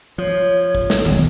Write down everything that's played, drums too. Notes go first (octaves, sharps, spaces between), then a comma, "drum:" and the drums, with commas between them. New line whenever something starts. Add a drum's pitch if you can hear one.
F3 C#5
drum: kick
drum: snare
D1 B1, drum: tom D#3